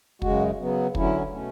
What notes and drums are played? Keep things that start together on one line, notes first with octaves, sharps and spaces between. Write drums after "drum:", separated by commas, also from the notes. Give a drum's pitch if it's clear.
F#2 C#3 G#3 F#4, drum: kick
C#3 F#3 B3
D3 F#3 C#4 E4, drum: kick
B2 A3 C#4